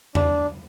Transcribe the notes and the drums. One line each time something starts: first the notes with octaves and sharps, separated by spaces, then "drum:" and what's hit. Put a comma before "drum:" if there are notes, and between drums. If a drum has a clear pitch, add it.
D4, drum: tom E2